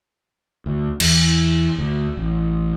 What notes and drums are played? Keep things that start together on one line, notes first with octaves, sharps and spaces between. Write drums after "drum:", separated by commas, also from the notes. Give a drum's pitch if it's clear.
D2
E2, drum: cymbal
D2
A1